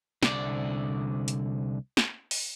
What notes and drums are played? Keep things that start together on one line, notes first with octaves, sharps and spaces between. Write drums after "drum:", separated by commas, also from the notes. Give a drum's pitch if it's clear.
C2 D3 D5, drum: snare
drum: hi-hat
drum: snare
drum: open hi-hat